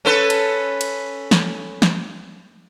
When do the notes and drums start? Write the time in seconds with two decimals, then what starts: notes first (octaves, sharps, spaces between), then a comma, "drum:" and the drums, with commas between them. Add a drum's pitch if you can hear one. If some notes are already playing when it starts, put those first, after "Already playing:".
0.05 C#4 A4 B4
0.30 drum: cymbal
0.81 drum: cymbal
1.31 drum: snare
1.82 drum: snare